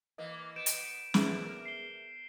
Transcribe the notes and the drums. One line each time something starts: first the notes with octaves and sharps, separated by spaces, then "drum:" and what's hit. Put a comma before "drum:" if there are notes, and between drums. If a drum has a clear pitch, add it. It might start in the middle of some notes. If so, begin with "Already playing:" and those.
E3 A#3 D#5
B3 G6 D7 E7
drum: hi-hat
E2 D3 B3 G#4 E5, drum: snare
A#4
C7 G7